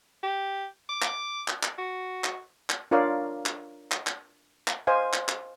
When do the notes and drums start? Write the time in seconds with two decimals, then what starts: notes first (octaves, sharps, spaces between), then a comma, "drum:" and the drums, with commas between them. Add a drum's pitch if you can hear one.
0.23 G4
0.89 D6
1.02 drum: clap
1.48 drum: clap
1.63 drum: clap
1.78 F#4
2.24 drum: clap
2.70 drum: clap
2.91 D4 F4 A#4 C#5 D5 F5
3.46 drum: clap
3.92 drum: clap
4.07 drum: clap
4.68 drum: clap
4.87 C5 D#5 F5 G#5
5.13 drum: clap
5.29 drum: clap